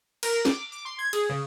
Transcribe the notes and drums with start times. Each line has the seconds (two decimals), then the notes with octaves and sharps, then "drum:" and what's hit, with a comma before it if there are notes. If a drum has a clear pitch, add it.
0.23 A#4, drum: cymbal
0.45 D6, drum: snare
0.72 D6
0.85 C6
0.99 G#6
1.13 G#4, drum: cymbal
1.29 C#3